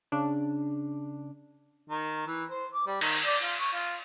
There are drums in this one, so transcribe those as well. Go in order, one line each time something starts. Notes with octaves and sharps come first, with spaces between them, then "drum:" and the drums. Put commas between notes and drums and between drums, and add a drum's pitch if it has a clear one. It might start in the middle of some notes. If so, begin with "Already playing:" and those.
C#3 D4
D#3
E3
C5
D6
G3
D#3, drum: cymbal
D5
F4
C#6
F4